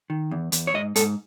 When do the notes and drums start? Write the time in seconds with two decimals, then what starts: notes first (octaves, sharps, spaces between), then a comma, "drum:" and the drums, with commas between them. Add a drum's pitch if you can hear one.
0.10 D#3
0.31 E2
0.52 E2, drum: hi-hat
0.67 C#5
0.75 G#2 D#5
0.96 G#2 A4, drum: hi-hat